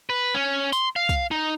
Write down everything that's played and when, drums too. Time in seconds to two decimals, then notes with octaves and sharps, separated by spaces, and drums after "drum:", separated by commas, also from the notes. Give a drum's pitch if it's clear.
0.10 B4
0.34 C#4
0.73 C6, drum: tambourine
0.96 F5
1.09 drum: kick, tambourine
1.31 D#4